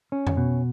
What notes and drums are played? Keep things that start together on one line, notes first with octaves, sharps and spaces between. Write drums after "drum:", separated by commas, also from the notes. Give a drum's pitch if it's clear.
C#4
drum: tom F2
B2